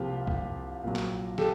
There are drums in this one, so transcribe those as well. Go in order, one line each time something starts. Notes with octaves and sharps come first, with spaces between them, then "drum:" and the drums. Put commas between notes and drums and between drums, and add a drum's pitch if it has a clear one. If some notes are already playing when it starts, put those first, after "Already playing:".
Already playing: C2 C3 F3 A#3 F4 G4
drum: kick
A#1 A#2 F#3
drum: clap
G4 A4, drum: snare